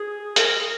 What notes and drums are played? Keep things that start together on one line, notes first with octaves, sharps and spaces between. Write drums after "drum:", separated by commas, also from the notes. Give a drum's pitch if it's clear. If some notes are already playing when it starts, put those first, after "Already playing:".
Already playing: G#4
A#4, drum: hi-hat